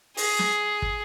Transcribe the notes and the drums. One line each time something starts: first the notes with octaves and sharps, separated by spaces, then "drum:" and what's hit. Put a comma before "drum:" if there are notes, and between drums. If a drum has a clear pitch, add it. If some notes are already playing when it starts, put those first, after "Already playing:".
G#4, drum: open hi-hat
drum: snare
drum: kick